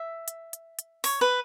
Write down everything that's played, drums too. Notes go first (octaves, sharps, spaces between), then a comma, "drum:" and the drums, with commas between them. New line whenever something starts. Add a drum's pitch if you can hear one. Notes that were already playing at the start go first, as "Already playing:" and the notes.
Already playing: E5
drum: hi-hat
drum: hi-hat
drum: hi-hat
C#5, drum: open hi-hat
B4